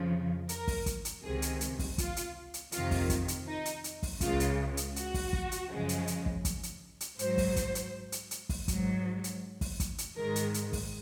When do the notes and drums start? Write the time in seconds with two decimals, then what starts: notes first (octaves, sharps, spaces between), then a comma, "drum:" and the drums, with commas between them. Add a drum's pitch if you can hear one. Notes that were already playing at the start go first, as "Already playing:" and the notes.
Already playing: F2 C#3 F3
0.49 A#4, drum: hi-hat
0.68 drum: kick, open hi-hat
0.86 drum: kick, hi-hat
1.05 drum: hi-hat
1.23 C#2 C3 D#3 G#4
1.42 drum: hi-hat
1.61 drum: hi-hat
1.79 drum: kick, open hi-hat
1.98 F4, drum: kick, hi-hat
2.17 drum: hi-hat
2.54 drum: hi-hat
2.72 F2 C3 D#3 F4, drum: hi-hat
2.91 drum: kick, open hi-hat
3.10 drum: kick, hi-hat
3.28 drum: hi-hat
3.47 D#4
3.65 drum: hi-hat
3.84 drum: hi-hat
4.03 drum: kick, open hi-hat
4.21 C#2 C#3 G#3 F4, drum: kick, hi-hat
4.40 drum: hi-hat
4.77 drum: hi-hat
4.96 F#4, drum: hi-hat
5.14 drum: kick, open hi-hat
5.33 drum: kick
5.52 drum: hi-hat
5.71 F#2 C#3 F3 G#3
5.89 drum: hi-hat
6.07 drum: hi-hat
6.26 drum: kick
6.45 drum: kick, hi-hat
6.63 drum: hi-hat
7.01 drum: hi-hat
7.19 G#2 F#3 C5, drum: hi-hat
7.38 drum: kick, open hi-hat
7.56 drum: kick, hi-hat
7.75 drum: hi-hat
8.12 drum: hi-hat
8.31 drum: hi-hat
8.49 drum: kick, open hi-hat
8.68 G#2 F#3, drum: kick, hi-hat
9.24 drum: hi-hat
9.61 drum: kick, open hi-hat
9.80 drum: kick, hi-hat
9.98 drum: hi-hat
10.16 G#2 D#3 G#3 A#4
10.36 drum: hi-hat
10.54 drum: hi-hat
10.73 drum: kick, open hi-hat